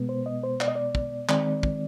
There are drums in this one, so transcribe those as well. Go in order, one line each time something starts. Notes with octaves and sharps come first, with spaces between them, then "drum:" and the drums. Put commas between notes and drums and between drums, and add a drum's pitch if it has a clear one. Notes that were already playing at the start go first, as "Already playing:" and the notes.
Already playing: B2 G#3 B3
C5
D#5
C5
D5, drum: clap
D#5
D5
drum: kick
D#3 G#3 C4 D5, drum: clap
drum: kick